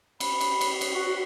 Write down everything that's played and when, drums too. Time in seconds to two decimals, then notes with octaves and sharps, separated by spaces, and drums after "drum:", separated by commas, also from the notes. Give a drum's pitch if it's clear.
0.20 B5, drum: cymbal
0.41 drum: cymbal
0.61 drum: cymbal
0.81 drum: cymbal
0.92 F#4